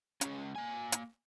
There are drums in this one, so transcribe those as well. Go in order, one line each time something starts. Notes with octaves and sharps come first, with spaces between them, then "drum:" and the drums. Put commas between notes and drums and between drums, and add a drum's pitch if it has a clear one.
G#3 C#4, drum: hi-hat
A#3 G#5
drum: hi-hat